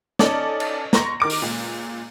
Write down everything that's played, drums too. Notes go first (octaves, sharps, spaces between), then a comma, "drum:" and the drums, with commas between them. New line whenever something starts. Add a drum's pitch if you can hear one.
C#4 D#4 A4 D5 D#5, drum: snare
drum: cymbal
A#5 C6 C#6 A#6, drum: snare
D#3 A#4 D6 D7
drum: open hi-hat
C#2 A#2